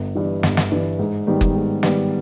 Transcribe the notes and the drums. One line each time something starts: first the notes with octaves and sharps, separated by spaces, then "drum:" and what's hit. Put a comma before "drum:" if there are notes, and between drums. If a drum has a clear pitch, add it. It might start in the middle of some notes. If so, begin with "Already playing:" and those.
Already playing: G1
G2 E3
G1, drum: snare
drum: snare
G2 E3
G#2
D#3 G3 B3
drum: kick F#1
G#2
D#3 G3 B3, drum: snare